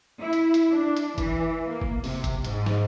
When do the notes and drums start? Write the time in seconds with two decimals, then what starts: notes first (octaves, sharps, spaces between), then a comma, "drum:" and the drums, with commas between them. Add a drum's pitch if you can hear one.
0.20 E4
0.33 drum: hi-hat
0.54 drum: hi-hat
0.70 D4
0.97 drum: hi-hat
1.18 E3, drum: kick F#1, hi-hat
1.66 A#3
1.81 drum: kick F#1
2.04 C3, drum: open hi-hat
2.24 drum: kick F#1, hi-hat
2.44 G#2, drum: hi-hat
2.66 drum: snare